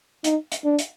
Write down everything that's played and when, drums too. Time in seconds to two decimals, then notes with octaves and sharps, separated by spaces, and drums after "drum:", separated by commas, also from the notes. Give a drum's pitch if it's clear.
0.24 D#4, drum: hi-hat
0.52 drum: hi-hat
0.65 D4
0.79 drum: hi-hat